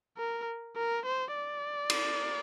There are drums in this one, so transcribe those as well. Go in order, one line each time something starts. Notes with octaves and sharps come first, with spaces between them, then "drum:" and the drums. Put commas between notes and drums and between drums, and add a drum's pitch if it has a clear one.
A#4
A#4
C5
D5
drum: cymbal